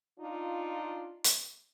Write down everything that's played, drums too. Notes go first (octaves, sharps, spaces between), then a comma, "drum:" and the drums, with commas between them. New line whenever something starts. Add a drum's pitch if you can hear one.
D4 D#4 F4
drum: hi-hat